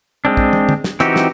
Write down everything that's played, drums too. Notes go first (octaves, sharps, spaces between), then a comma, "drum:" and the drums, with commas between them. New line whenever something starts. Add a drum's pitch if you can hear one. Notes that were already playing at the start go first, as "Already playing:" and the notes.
G#3 C4 D4
drum: kick
drum: tom
drum: tom
drum: snare
E3 C4 D#4 F#4 G4, drum: hi-hat
drum: snare